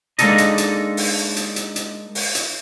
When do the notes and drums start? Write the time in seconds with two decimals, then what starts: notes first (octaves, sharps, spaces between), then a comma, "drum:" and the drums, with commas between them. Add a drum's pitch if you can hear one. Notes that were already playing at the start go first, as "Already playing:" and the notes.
0.19 G#3 A#3 D4 D#4 A4 D#5, drum: hi-hat
0.38 drum: hi-hat
0.58 drum: hi-hat
0.97 drum: open hi-hat
1.36 drum: hi-hat
1.56 drum: hi-hat
1.76 drum: hi-hat
2.15 drum: open hi-hat
2.35 drum: hi-hat